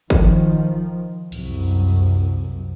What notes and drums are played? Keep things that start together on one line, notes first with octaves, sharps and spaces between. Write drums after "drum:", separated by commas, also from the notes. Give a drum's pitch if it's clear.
D#3 F3, drum: kick
C2 F#2, drum: cymbal